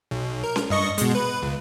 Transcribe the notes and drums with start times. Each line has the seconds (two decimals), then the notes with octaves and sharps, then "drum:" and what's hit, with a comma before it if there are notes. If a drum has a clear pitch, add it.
0.11 B1
0.43 A#4
0.56 drum: snare C#4
0.70 G2 D#5 C#6
0.98 B2 G#3, drum: hi-hat
1.15 B4
1.42 C#2